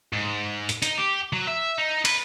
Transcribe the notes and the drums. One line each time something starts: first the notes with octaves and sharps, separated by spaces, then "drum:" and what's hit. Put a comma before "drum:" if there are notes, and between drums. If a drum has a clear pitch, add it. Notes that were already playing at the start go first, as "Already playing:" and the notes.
G#2
drum: hi-hat
D#4, drum: hi-hat
G4
F#3
E5
D#4
B4, drum: cymbal